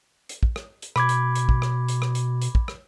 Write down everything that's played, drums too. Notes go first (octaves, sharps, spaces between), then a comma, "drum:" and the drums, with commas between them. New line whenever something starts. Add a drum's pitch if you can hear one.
drum: hi-hat
drum: kick
drum: rim click
drum: hi-hat
B2 B5 D6 G#6, drum: rim click
drum: hi-hat
drum: hi-hat
drum: kick
drum: rim click
drum: hi-hat
drum: rim click
drum: hi-hat
drum: hi-hat
drum: kick
drum: rim click